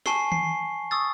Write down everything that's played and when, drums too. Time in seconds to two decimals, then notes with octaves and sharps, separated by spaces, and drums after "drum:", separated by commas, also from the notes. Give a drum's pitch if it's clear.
0.06 G#5 A5 C#6 C7 G7, drum: snare
0.32 C7, drum: tom D#3
0.91 C#6 D#6 E6 A6